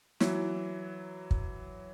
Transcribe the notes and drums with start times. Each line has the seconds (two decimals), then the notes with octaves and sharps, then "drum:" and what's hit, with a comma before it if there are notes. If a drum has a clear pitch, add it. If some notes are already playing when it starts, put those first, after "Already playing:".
0.20 E3 F#3, drum: snare
1.31 drum: kick